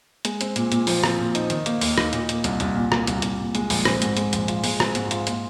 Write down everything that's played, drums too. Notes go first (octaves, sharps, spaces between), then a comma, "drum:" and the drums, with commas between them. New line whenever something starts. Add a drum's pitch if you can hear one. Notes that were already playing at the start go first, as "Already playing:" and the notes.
G#3, drum: hi-hat
C4, drum: hi-hat
A#2, drum: hi-hat
A#2, drum: hi-hat
F3, drum: open hi-hat
C4, drum: rim click
A#2
D#4, drum: hi-hat
D#3, drum: hi-hat
A#3, drum: hi-hat
D#2, drum: open hi-hat
D#4, drum: rim click
A#2, drum: hi-hat
A#3, drum: hi-hat
C2, drum: hi-hat
C2, drum: hi-hat
A#2
A#3, drum: rim click
C2, drum: hi-hat
C2, drum: hi-hat
A#2
G#3, drum: hi-hat
A#1, drum: open hi-hat
C4, drum: rim click
G#2, drum: hi-hat
G#3, drum: hi-hat
A#1, drum: hi-hat
F4, drum: hi-hat
G#3, drum: open hi-hat
C4, drum: rim click
G#2, drum: hi-hat
F4, drum: hi-hat
A#2, drum: hi-hat